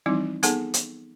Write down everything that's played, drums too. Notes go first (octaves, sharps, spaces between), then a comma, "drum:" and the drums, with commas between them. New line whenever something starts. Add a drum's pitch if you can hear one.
E3 F3 G3 C4 D#4 E4
B3 D#4 G#4 A4 F#5 A5, drum: hi-hat
drum: hi-hat